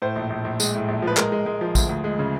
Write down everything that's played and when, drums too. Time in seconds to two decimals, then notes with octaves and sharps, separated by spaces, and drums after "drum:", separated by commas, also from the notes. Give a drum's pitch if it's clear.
0.02 A2 C5
0.16 A#1
0.30 A#1
0.44 A#1
0.60 G#3, drum: tambourine
0.75 A2
0.88 A#1
1.02 F3
1.07 B4
1.17 G#3 A#4, drum: clap
1.32 G#3
1.46 G#3
1.61 F3
1.75 D2, drum: kick, tambourine
1.89 D2
2.04 G#3
2.19 C#3